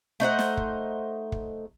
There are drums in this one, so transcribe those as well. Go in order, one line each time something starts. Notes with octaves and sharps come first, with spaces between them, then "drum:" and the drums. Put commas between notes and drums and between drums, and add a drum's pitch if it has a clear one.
A3 D#4 C5 F#5
drum: snare
drum: kick
drum: kick